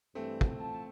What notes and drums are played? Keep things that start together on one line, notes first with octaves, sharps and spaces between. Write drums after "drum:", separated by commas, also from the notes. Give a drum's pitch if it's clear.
G2 E3 A3 C4
drum: kick
E3 F4 A5